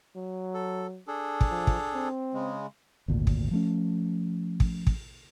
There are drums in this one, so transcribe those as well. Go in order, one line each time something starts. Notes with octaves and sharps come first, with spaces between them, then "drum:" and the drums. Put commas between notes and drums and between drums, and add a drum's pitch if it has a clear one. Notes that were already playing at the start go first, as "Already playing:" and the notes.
F#3
A4
D4 G#4 A4
drum: kick
F3
drum: kick
C4
C#3 G#3
G#1 D2 A#2
drum: kick
F3 A3 C#4
drum: kick
drum: kick